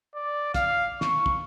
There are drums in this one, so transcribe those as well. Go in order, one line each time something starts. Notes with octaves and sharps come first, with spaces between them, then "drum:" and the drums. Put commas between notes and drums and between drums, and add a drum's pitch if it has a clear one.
D5
F5, drum: kick, hi-hat
C#6, drum: snare
drum: kick